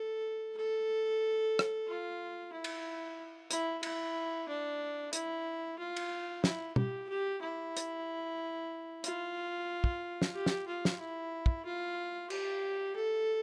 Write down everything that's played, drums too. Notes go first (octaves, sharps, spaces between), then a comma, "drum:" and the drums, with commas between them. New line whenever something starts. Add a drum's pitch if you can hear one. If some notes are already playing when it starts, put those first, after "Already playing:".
Already playing: A4
A4
drum: rim click
F4
E4
drum: cymbal
E4, drum: hi-hat
E4, drum: cymbal
D4
E4, drum: hi-hat
F4
drum: cymbal
E4, drum: snare
G4, drum: tom
G4
E4
drum: hi-hat
F4, drum: hi-hat
drum: kick
drum: snare
G4
drum: snare
F4
drum: snare
E4
drum: kick
F4
G4, drum: cymbal
A4